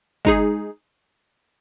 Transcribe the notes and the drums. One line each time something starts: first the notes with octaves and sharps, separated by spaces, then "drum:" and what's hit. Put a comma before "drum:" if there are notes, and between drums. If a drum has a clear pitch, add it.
G#3 D#4 G#4, drum: kick